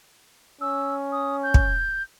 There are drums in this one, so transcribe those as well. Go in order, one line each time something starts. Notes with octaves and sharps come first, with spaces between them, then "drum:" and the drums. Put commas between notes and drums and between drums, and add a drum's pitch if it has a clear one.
C#4 E6
D#6
G6
drum: kick